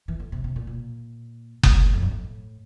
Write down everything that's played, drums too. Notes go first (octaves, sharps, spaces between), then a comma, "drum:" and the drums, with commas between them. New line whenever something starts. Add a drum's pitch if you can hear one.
E3
D3
C3
C3
A#2
A#2
A2, drum: kick F#1
E2
F2
G2
A2